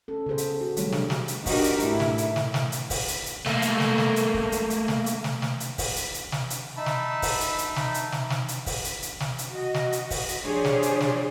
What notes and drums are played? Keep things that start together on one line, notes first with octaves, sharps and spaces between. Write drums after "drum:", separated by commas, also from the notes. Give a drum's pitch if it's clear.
C#4 A4
C#3 B3 G#4 C5
drum: hi-hat
F#4
D#3 F#3 G3 A3 G4 C#5, drum: hi-hat
F3 A3 D4, drum: snare
drum: snare
drum: hi-hat
D4 D#4 F#4 G4 A#4, drum: kick, open hi-hat
drum: hi-hat
A2 A3 E4, drum: hi-hat
drum: snare
drum: hi-hat
drum: snare
drum: snare
drum: hi-hat
drum: kick, open hi-hat
drum: hi-hat
drum: hi-hat
A3 A#3, drum: snare
drum: hi-hat
drum: snare
drum: snare
drum: hi-hat
drum: kick
drum: hi-hat
drum: hi-hat
drum: snare
drum: hi-hat
drum: snare
drum: snare
drum: hi-hat
drum: kick, open hi-hat
drum: hi-hat
drum: hi-hat
drum: snare
drum: hi-hat
D#4 E5 A5 B5
drum: snare
drum: kick, open hi-hat
drum: hi-hat
drum: hi-hat
drum: snare
drum: hi-hat
drum: snare
drum: snare
drum: hi-hat
drum: kick, open hi-hat
drum: hi-hat
drum: hi-hat
drum: snare
drum: hi-hat
F#4 D#5
drum: snare
drum: hi-hat
drum: kick, open hi-hat
drum: hi-hat
F3 D4 G4 G#4 C5 C#5
drum: snare
drum: hi-hat
drum: snare